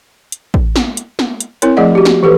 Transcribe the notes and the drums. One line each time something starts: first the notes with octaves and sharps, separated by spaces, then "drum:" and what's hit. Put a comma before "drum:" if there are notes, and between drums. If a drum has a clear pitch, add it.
drum: hi-hat
drum: kick A1
drum: snare
drum: hi-hat
drum: snare
drum: hi-hat
C4 E4 A#4 C#5, drum: hi-hat
F3 A3 G#4 D5 D#5 F#5
F#4 G4
drum: snare
E3 G4 A4 B4